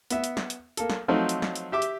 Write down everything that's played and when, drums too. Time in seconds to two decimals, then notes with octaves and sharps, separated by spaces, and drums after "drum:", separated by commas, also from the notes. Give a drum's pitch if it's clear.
0.10 B3 E5, drum: hi-hat
0.24 drum: hi-hat
0.37 drum: snare
0.50 drum: hi-hat
0.77 A#3 A4, drum: hi-hat
0.90 drum: snare
1.08 F3 F#3 A3 C4 D#4
1.29 drum: hi-hat
1.42 drum: snare
1.56 drum: hi-hat
1.72 G4 E5 D6
1.82 drum: hi-hat